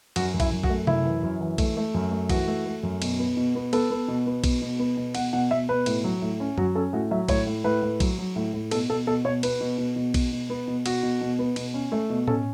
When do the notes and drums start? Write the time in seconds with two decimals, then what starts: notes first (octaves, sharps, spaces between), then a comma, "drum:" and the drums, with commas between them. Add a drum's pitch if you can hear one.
0.16 F#2 F#4, drum: cymbal
0.34 F#2
0.40 E4, drum: kick A#1, cymbal
0.52 F#2
0.64 F#4, drum: kick A#1
0.69 A3
0.87 F#2 E4, drum: tom C3
1.05 E3
1.23 F#2
1.41 E3
1.58 A3, drum: kick A#1, cymbal
1.77 A3
1.94 F#2
2.12 A3
2.30 E3 F#4, drum: kick A#1, cymbal
2.48 A3
2.66 A3
2.83 F#2
3.02 B2, drum: cymbal
3.19 B3
3.37 B2
3.55 B3
3.73 B3 A4, drum: cymbal
3.91 B3
4.08 B2
4.26 B3
4.44 B2, drum: kick A#1, cymbal
4.62 B2
4.79 B3
4.97 B2
5.15 B2 F#5, drum: cymbal
5.33 B2 F#5
5.51 B2 E5
5.69 B2 B4
5.86 A2, drum: cymbal
6.04 F#3
6.22 A2
6.40 C#4
6.58 F#3 F#4, drum: tom F#2
6.75 C#4 A4
6.93 A2 F#4
7.11 F#3 E5
7.29 A2 C#5, drum: kick A#1, cymbal
7.46 A2
7.64 A2 B4
7.82 A2
8.00 F#3, drum: kick A#1, cymbal
8.18 F#3
8.36 A2
8.54 A2
8.71 B2 A4, drum: cymbal
8.90 B2 A4
9.07 B2 A4
9.25 B2 C#5
9.43 B3 B4, drum: cymbal
9.61 B2
9.78 B2
9.96 B2
10.14 B2, drum: kick A#1, cymbal
10.32 B2
10.50 B3
10.68 B2
10.86 B2 F#4, drum: cymbal
11.03 B2
11.21 B2
11.39 B3
11.56 B2, drum: cymbal
11.74 C#4
11.92 A3
12.10 B2
12.28 C#4 A4, drum: tom A2